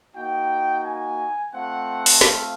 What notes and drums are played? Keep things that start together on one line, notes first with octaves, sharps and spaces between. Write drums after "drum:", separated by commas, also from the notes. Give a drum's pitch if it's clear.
A#3 D#4 F#4 G5
G#5
A3 C4 F4 F#5
drum: open hi-hat
F5, drum: snare